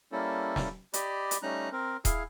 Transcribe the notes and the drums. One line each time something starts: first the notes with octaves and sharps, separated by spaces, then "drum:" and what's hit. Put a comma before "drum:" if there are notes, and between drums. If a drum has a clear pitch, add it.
G3 A#3 C#4 E4 A4
drum: snare
G4 D5 D#5 B5, drum: hi-hat
drum: hi-hat
G3 A3 C#4 D#4 A#5 F#6
C4 A#4
E4 G#4 F5, drum: kick D#1, hi-hat